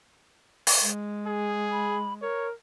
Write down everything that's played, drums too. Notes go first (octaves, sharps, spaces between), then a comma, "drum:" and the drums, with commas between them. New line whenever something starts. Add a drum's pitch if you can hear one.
drum: open hi-hat
G#3
G#4
B5
A#4 C#5